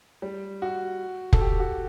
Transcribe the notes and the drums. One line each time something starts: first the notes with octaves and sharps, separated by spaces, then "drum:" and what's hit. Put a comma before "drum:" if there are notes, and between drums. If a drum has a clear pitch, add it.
G3
F#4
A4, drum: kick
G4
F#4